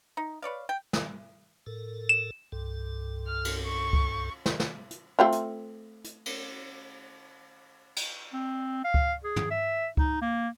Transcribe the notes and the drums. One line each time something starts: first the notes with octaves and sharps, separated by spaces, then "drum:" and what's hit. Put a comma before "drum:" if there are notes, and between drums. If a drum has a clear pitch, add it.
D#4
B4 C#5 D5 F5
G5
drum: snare
A2 A4 A#4
E7
C2 G2 A4
F6
drum: cymbal
C#6
drum: kick C#2
drum: snare
drum: snare
drum: hi-hat
A3 C4 F4
drum: hi-hat
drum: hi-hat
drum: cymbal
drum: cymbal
C4
F5
drum: kick C#2
G#4
drum: tom
E5
D#4, drum: kick C#2
A#3